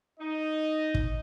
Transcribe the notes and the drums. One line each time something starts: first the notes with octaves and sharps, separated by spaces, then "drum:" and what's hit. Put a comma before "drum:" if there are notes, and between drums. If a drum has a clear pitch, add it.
D#4 D#5
drum: kick